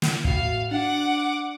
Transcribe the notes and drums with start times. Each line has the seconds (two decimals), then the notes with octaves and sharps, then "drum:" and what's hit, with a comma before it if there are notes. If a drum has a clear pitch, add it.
0.02 drum: snare
0.24 A2 F#4 F5, drum: kick
0.71 D4 F#5 D6